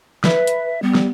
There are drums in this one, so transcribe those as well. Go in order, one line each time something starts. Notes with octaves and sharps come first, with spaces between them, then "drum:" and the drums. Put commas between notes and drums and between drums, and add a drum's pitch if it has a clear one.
B4 E5, drum: snare
drum: hi-hat
G3 B3
drum: snare